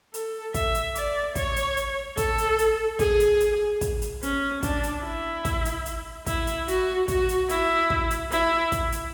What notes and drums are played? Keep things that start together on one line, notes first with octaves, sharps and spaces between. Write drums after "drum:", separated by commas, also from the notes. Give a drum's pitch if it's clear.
A4, drum: hi-hat
E5, drum: kick, hi-hat
drum: hi-hat
D5, drum: hi-hat
C#5, drum: kick, hi-hat
drum: hi-hat
drum: hi-hat
A4, drum: kick, hi-hat
drum: hi-hat
drum: hi-hat
G#4, drum: kick, hi-hat
drum: hi-hat
drum: hi-hat
drum: kick, hi-hat
drum: hi-hat
C#4, drum: hi-hat
D4, drum: kick, hi-hat
drum: hi-hat
E4
drum: kick, hi-hat
drum: hi-hat
drum: hi-hat
E4, drum: kick, hi-hat
drum: hi-hat
F#4, drum: hi-hat
F#4, drum: kick, hi-hat
drum: hi-hat
E4, drum: hi-hat
drum: kick
drum: hi-hat
E4, drum: hi-hat
drum: kick, hi-hat
drum: hi-hat